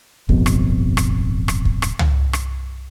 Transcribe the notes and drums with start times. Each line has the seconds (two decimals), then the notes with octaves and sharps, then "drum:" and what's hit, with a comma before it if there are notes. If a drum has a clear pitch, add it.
0.29 D1 G1 F2 B2, drum: kick
0.46 drum: rim click
0.97 drum: rim click
1.48 drum: rim click
1.65 drum: kick
1.82 drum: rim click
1.99 drum: tom
2.33 drum: rim click